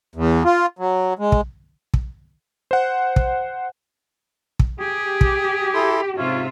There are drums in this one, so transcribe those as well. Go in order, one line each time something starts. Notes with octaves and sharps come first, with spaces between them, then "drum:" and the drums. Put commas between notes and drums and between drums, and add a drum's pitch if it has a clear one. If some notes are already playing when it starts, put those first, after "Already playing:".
E2
F4
F#3
G#3
drum: kick
drum: kick
C5 F#5
drum: kick
drum: kick
G4 G#4
drum: kick
E4 A4 C6
G#2 C3 C#4 F4 E5